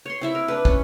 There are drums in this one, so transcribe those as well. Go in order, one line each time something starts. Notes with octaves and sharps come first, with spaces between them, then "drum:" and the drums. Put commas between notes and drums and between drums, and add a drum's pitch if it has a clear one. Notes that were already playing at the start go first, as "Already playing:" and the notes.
C#5 C6
C4 E4 E5
A#4
D4 B4
C#4, drum: kick